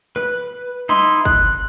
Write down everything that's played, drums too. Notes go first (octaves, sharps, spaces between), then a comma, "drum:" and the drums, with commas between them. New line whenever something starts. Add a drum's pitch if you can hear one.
B4
D#4 E4 C6, drum: tom F#3
F#6, drum: kick